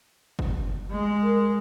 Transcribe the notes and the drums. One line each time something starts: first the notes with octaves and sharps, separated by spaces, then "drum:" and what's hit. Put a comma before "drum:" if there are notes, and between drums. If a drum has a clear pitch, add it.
drum: kick G1
G#3
A#4